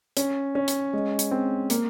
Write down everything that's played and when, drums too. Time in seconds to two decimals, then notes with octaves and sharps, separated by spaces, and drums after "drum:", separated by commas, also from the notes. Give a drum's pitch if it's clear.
0.17 C#4, drum: hi-hat
0.55 C#4
0.68 drum: hi-hat
0.93 G#3
1.19 drum: hi-hat
1.31 C4
1.70 A#3, drum: hi-hat